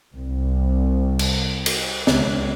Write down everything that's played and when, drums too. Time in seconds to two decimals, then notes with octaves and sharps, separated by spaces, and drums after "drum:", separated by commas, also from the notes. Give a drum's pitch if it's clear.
0.15 C2
1.19 drum: cymbal
1.66 drum: cymbal
2.07 C#2, drum: snare